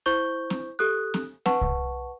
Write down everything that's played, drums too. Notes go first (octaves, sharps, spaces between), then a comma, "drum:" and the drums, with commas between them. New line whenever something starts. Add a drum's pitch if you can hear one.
E4 C5 C#6 G6 G7
drum: snare C4
G4 A4 D#6 F#6
drum: snare C4
B4 F#5 A5 C#6, drum: snare C4
drum: kick C2